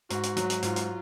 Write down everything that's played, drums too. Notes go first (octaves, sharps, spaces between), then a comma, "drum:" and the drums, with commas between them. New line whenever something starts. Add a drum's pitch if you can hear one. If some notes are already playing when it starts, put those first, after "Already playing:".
G#2 F#4, drum: hi-hat
drum: hi-hat
F#3, drum: hi-hat
drum: hi-hat
G#2 F4, drum: hi-hat
drum: hi-hat